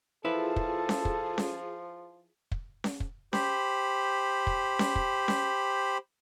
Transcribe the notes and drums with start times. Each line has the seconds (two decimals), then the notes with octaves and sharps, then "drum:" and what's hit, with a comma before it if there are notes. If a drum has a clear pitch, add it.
0.25 F3 E4 F4 G#4 A4 B4 A5
0.56 drum: kick
0.89 drum: snare C#4
1.05 drum: kick
1.38 drum: snare C#4
2.52 drum: kick
2.84 drum: snare C#4
3.00 drum: kick
3.33 G4 C5 B5, drum: snare C#4
4.47 drum: kick
4.79 drum: snare C#4
4.95 drum: kick
5.28 drum: snare C#4